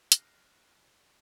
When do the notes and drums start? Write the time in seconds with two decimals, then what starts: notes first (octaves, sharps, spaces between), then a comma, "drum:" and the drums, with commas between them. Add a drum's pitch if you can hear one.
0.12 F6 F#6 A#6 C7, drum: hi-hat